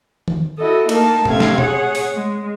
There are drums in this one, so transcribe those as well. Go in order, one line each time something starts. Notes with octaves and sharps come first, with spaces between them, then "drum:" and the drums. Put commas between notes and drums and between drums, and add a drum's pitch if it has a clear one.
drum: tom D#3
E4 F#4 A4 D#5
A#3 D#4 A#4 A5, drum: cymbal
C3 A3 C#4 F5 G#6, drum: tom A2
drum: snare
G#4 C#5 F#5, drum: tom A#2
drum: open hi-hat
G#3